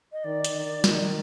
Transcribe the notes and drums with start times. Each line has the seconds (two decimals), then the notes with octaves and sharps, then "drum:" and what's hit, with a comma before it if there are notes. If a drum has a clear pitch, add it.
0.13 D#5
0.24 D#3 D5
0.45 drum: hi-hat
0.55 D#3
0.84 D#3, drum: snare